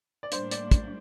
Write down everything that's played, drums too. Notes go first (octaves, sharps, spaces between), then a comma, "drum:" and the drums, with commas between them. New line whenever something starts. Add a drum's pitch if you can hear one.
D5
A2 G3 A#3 D4 C5, drum: hi-hat
D5, drum: hi-hat
drum: kick, hi-hat